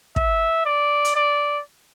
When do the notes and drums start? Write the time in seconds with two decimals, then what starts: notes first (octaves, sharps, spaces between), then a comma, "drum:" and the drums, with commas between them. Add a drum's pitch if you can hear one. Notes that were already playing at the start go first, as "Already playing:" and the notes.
0.16 E5, drum: kick
0.66 D5
1.05 drum: hi-hat
1.16 D5